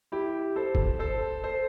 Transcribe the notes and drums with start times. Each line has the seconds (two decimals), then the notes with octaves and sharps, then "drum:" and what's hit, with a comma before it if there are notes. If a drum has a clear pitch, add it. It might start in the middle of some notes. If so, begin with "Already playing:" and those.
0.12 E4 G4
0.56 A4 C5
0.75 drum: kick
0.99 A4 C5
1.44 A4 C5